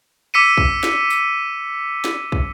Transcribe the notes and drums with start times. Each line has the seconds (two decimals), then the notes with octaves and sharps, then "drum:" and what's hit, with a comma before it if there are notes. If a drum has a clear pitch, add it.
0.34 D6 E6 B6 C#7 D#7
0.58 drum: kick
0.83 drum: snare
1.10 drum: tambourine
2.04 drum: snare
2.32 drum: kick